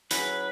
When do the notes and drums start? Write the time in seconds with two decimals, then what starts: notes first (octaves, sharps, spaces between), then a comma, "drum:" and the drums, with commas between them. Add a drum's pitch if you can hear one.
0.11 F#3 C#4 E4 G#4 B4, drum: hi-hat